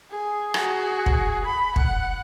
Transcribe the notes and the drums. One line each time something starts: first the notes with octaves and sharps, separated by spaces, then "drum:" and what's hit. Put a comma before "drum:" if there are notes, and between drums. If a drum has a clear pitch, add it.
G#4
F#4 G#4, drum: rim click
drum: kick
B5
F#5, drum: kick